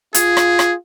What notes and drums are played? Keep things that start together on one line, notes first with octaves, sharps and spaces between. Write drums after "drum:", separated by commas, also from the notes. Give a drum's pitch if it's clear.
F4 G#4, drum: hi-hat
drum: rim click
drum: rim click